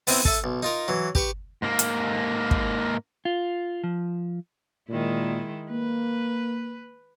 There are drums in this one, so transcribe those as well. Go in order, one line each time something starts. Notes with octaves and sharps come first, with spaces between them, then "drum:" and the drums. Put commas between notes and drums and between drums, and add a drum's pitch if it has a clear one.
B3 C4 E4, drum: open hi-hat
A4 E5, drum: kick
B1
D#4 F4 A#4
E3 F#3
G4 B4 C#6, drum: kick
G#2 A#3
drum: hi-hat
drum: kick
F4
F3
A#2 D#3 G#3 E4
A#3 B4